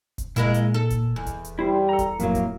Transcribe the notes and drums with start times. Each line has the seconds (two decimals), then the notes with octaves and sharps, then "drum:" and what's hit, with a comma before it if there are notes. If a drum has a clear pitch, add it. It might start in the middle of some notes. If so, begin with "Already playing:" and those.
0.18 drum: kick D#1, hi-hat
0.36 A#2 G#3 A#3 E4, drum: hi-hat
0.54 drum: hi-hat
0.74 A4, drum: tom D#4
0.90 drum: kick D#1, hi-hat
1.16 E2
1.26 drum: kick D#1, hi-hat
1.45 drum: hi-hat
1.59 G3 E4 C5
1.89 A4 A#5
1.99 drum: kick D#1, hi-hat
2.20 F2 A2 F#3 A#3, drum: hi-hat
2.35 drum: kick D#1, hi-hat